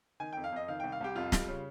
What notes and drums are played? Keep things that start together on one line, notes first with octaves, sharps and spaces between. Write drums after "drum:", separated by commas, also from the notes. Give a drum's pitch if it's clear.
D#3 G#5
F2 G5
F5
F2 D#5
D#3 F5
C2 G5
F5
C2 G4
F2 F4
G3, drum: snare
C#3